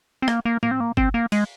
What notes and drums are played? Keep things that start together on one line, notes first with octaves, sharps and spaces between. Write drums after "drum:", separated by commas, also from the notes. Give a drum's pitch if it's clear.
C4
A#3, drum: rim click
A#3
A#3, drum: tom A2
C4
A#3
C4, drum: kick G1
A#3
G#3, drum: cymbal